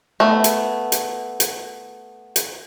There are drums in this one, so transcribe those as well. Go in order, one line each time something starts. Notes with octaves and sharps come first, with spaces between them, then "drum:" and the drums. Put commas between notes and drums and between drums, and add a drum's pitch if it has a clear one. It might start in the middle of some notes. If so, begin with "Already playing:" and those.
A3 B3
drum: hi-hat
drum: hi-hat
drum: hi-hat
drum: hi-hat